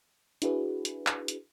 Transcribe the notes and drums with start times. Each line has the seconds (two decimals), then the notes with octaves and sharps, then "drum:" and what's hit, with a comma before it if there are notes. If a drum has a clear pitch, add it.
0.42 D4 E4 F#4 G#4 B4, drum: hi-hat
0.85 drum: hi-hat
1.07 drum: clap
1.28 drum: hi-hat